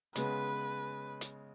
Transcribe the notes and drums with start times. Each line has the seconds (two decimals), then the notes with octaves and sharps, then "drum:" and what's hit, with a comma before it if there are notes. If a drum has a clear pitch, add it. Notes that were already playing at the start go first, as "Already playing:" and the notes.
0.15 C#3 G#3 B3 B4, drum: hi-hat
1.21 drum: hi-hat